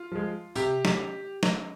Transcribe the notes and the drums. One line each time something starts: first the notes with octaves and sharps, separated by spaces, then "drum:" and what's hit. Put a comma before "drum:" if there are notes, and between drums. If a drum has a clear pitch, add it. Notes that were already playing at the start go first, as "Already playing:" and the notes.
Already playing: F4
F3 G#3
C3 G4, drum: tambourine
drum: snare
drum: snare